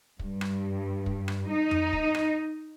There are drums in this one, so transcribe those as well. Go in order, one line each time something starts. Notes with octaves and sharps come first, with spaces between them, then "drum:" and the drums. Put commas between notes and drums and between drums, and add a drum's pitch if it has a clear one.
G2, drum: kick
drum: rim click
drum: kick
drum: rim click
D#4
drum: tom F2
drum: kick
drum: rim click